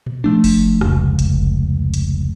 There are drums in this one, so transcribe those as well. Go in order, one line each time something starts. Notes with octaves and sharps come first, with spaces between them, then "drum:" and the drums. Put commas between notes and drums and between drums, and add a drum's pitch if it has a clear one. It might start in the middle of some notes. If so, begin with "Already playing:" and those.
drum: tom A#2
F3 A3 D4
drum: kick F#1, open hi-hat
F1 C#2, drum: rim click
drum: kick F#1, hi-hat
drum: hi-hat